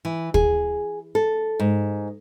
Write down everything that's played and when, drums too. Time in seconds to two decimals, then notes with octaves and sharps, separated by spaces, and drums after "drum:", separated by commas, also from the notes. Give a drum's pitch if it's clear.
0.05 E3
0.34 G#4, drum: kick
1.15 A4
1.60 G#2